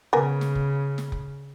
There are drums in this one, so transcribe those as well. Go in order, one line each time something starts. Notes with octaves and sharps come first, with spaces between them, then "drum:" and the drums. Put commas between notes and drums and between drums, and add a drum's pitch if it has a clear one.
C#3 B3 A#4 G#5
drum: snare
drum: kick F1
drum: snare
drum: kick F1